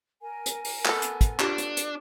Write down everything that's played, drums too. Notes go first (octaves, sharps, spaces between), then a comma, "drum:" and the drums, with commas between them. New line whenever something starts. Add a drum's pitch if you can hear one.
A#4 G#5
drum: hi-hat
drum: open hi-hat
B3 A4, drum: clap
drum: hi-hat
drum: kick, hi-hat
D4 F4 G4, drum: clap
drum: hi-hat
drum: hi-hat